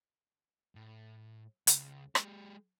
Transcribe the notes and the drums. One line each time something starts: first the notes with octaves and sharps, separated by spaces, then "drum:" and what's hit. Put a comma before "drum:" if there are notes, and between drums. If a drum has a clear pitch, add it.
A2
C#2, drum: hi-hat
G#3 G4, drum: rim click